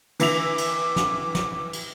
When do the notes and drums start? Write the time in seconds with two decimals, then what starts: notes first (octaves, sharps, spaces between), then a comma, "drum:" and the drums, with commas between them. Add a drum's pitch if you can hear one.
0.20 E3 E4 D6 F7, drum: cymbal
0.58 drum: cymbal
0.96 drum: snare
1.35 drum: snare
1.73 drum: cymbal